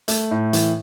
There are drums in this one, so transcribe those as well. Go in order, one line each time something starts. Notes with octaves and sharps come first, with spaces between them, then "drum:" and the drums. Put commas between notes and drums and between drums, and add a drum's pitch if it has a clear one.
A3, drum: hi-hat
A2
E3, drum: hi-hat